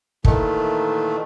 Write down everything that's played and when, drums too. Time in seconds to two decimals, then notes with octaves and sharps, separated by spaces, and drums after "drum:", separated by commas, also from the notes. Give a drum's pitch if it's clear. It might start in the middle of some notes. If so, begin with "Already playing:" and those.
0.24 A#2 D#3 E3 A3, drum: kick